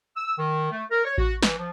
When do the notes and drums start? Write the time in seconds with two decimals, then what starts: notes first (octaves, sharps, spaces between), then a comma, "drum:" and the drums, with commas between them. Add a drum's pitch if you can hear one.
0.16 E6
0.37 D#3
0.71 A3
0.90 A#4
1.04 C#5
1.18 F#4, drum: kick A1
1.43 E3, drum: snare
1.58 F3